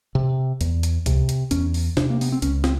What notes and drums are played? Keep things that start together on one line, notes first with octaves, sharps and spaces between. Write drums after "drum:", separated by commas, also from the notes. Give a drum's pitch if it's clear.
C3
E2, drum: hi-hat
drum: hi-hat
C3, drum: kick, hi-hat
drum: hi-hat
E2 C#4, drum: hi-hat
drum: open hi-hat
C3 D4, drum: snare
A#3
B3, drum: open hi-hat
C4
C#2 C#4, drum: hi-hat
C4, drum: snare